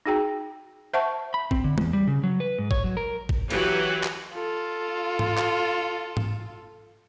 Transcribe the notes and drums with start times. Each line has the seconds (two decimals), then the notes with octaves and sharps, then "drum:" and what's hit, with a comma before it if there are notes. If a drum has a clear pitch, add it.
0.06 D#4 F#4 G#4 G5 A#5
0.94 C5 E5 F#5 A5 C#6
1.34 B5
1.51 C4, drum: kick
1.64 D3
1.78 E2, drum: tom
1.93 G3
2.08 C#3
2.24 F#3
2.40 B4
2.58 G#2
2.71 C#5, drum: kick
2.84 F#3
2.97 A#4
3.29 drum: kick
3.50 E3 F#3 F#4 G4 B4, drum: cymbal
4.03 drum: clap
4.34 F4 A4
5.19 drum: tom G#2
5.37 drum: clap
6.17 drum: tom G#2